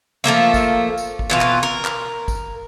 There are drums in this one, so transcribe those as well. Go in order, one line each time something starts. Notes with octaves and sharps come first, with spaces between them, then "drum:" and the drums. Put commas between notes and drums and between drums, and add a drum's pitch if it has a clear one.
F3 A3 A#3 E5
drum: kick, tambourine
drum: tambourine
drum: kick
B2 E3 F4
drum: clap
A#4
drum: clap
drum: kick, tambourine